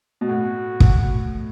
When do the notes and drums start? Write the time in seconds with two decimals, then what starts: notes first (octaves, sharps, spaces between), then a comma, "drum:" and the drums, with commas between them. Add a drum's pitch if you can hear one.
0.21 B2
0.28 A2 F#4
0.80 drum: kick